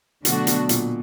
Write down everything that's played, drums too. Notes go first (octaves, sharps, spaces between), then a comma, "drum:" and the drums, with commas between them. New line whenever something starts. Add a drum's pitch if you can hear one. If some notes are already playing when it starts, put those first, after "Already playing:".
B2 D3 F#3 A3 D4 F#4, drum: hi-hat
B2, drum: hi-hat
A#2, drum: hi-hat